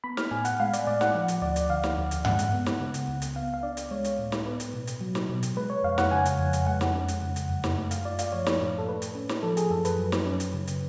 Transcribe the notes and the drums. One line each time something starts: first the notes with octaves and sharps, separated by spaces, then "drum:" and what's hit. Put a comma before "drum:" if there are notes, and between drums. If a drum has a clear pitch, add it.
B3 B5
F6, drum: snare
A2 G#5
F#5, drum: hi-hat
G#3 F5
D5, drum: hi-hat
A2 D5
F#5, drum: snare
F3 F#5
drum: hi-hat
D2 D5
drum: hi-hat
D3 F5
drum: snare
D2
drum: hi-hat
G#3 F#5, drum: tom G2
drum: hi-hat
B3
drum: snare
C#3
drum: hi-hat
C#2
drum: hi-hat
B3 F5
F5
D4 D5
drum: hi-hat
G#3 C#5
drum: hi-hat
A2
drum: snare
B3 B4
drum: hi-hat
B2
drum: hi-hat
F#3
drum: snare
B2
drum: hi-hat
G#3 B4
C#5
F2 F5
F#5, drum: snare
C#3 G#5
drum: hi-hat
F2
drum: hi-hat
G#3 F#5
drum: snare
C#4
drum: hi-hat
C#3
drum: hi-hat
F#2
drum: snare
A3
F5, drum: hi-hat
F4 D5
F5, drum: hi-hat
F3 C#5
drum: snare
A2
A4
A3 B4
drum: hi-hat
C#4
drum: snare
F3 A4
G#4, drum: hi-hat
F#2 A4
B4, drum: hi-hat
F#3
drum: snare
C#4
drum: hi-hat
C#3
drum: hi-hat